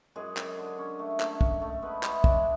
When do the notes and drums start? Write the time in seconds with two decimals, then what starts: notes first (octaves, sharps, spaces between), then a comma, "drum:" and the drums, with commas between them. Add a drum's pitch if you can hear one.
0.16 F#2 G#3 G#4
0.37 F#2, drum: clap
0.58 D3
0.78 C#4
0.99 A3
1.20 A3, drum: clap
1.41 C#4, drum: kick
1.62 A3
1.82 G#3 B3 B4
2.03 G#3 E4 E5, drum: clap
2.24 G#3 D4 D5, drum: kick